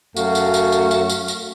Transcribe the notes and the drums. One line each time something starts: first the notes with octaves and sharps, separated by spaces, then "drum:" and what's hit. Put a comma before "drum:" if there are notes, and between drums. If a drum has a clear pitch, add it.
F#2 A3 F#4 F5, drum: tambourine
drum: tambourine
drum: tambourine
drum: tambourine
drum: tambourine
drum: tambourine
drum: tambourine